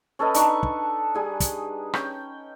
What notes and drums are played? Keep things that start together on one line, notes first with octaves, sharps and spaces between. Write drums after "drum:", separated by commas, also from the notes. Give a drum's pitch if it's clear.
C#4 A4 B4 D#5
D4 D#4 C#6, drum: hi-hat
drum: kick
G3 G#4 G#5
drum: kick, hi-hat
C#4 G5, drum: rim click